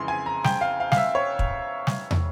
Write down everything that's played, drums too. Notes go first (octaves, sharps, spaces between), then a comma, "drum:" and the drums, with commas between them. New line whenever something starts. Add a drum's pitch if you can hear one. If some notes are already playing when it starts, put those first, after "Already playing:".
Already playing: F2 C#3 E3 G#3 C6
G#5
A#5
G5, drum: snare
F5
F5
F5, drum: snare
E5
C#5
drum: kick
drum: snare
drum: tom